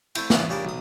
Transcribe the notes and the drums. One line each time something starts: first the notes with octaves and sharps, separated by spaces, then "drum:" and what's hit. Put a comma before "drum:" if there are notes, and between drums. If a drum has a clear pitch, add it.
A3 C4 E4 G5, drum: cymbal
C#3 E3 B3 D4, drum: snare
C#3 G3 D4 A#4
B1 D#6